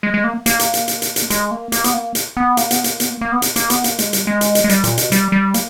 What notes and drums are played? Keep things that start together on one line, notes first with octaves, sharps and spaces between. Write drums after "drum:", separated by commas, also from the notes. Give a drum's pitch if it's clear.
G#3
G#3
A#3
A#3, drum: hi-hat
drum: hi-hat
drum: hi-hat
drum: hi-hat
drum: hi-hat
drum: hi-hat
G#3, drum: hi-hat
A#3
A#3, drum: hi-hat
B3, drum: hi-hat
A#3
drum: hi-hat
B3
A#3, drum: hi-hat
B3, drum: hi-hat
A#3, drum: hi-hat
B3, drum: hi-hat
A#3
A#3
B3
drum: hi-hat
A#3, drum: hi-hat
B3, drum: hi-hat
A#3, drum: hi-hat
G#3, drum: hi-hat
G3, drum: hi-hat
G#3
drum: hi-hat
drum: hi-hat
G#3
G3, drum: hi-hat
A#2, drum: hi-hat
B2, drum: hi-hat
G3, drum: hi-hat
G3
A#3, drum: hi-hat